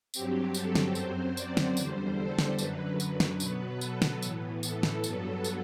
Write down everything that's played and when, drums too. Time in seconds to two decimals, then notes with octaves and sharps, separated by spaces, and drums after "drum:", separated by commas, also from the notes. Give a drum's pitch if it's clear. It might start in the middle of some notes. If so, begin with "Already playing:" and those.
0.14 G2 F#3 C4 G4, drum: tambourine
0.54 A4, drum: tambourine
0.75 drum: snare
0.95 F#2 F#3 C4 C5, drum: tambourine
1.37 D5, drum: tambourine
1.57 drum: snare
1.77 E2 D3 G3 C5, drum: tambourine
2.18 A4
2.39 drum: snare
2.59 F#2 D3 F#3 B4, drum: tambourine
3.00 drum: tambourine
3.20 drum: snare
3.40 B2 F#3 B3, drum: tambourine
3.81 A4, drum: tambourine
4.02 drum: snare
4.22 A2 E3 B3, drum: tambourine
4.63 A4, drum: tambourine
4.83 drum: snare
5.04 G2 F#3 B3 A4, drum: tambourine
5.44 drum: tambourine